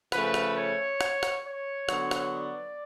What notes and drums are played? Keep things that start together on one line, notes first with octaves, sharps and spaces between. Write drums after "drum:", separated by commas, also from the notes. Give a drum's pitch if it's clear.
C#3 F3 A3 B4, drum: rim click
drum: rim click
C#5
drum: rim click
drum: rim click
C#5
D3 F#3 B3, drum: rim click
drum: rim click
D5